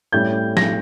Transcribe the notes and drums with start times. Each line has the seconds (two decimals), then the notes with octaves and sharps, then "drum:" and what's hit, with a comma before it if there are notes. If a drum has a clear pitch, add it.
0.12 A2 G3 C#4 G6
0.57 A#6, drum: snare